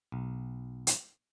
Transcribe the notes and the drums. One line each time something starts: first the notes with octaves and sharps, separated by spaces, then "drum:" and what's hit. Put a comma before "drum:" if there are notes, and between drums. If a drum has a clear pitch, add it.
B1
drum: hi-hat